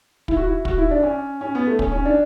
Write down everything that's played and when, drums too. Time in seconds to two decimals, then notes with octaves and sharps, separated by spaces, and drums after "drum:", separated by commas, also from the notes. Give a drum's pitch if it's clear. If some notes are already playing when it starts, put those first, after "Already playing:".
0.28 E4, drum: kick
0.37 F#4
0.46 E4
0.65 F#4, drum: kick
0.78 E4
0.91 D4
1.03 C#4
1.41 C#4
1.55 B3
1.67 A3
1.79 C#4, drum: kick
1.92 C#4
2.05 D4